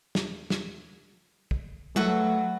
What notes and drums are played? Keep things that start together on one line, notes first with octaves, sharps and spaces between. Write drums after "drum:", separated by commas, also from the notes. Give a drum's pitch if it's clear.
drum: snare
drum: snare
drum: kick
F#3 A3 F#4 A4 B4, drum: tom G3